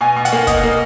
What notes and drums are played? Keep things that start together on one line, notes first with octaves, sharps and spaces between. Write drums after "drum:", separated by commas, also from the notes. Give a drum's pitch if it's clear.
B2 G#5
B2
F#5, drum: hi-hat
A#3
A#3 D#5, drum: kick, hi-hat
A#3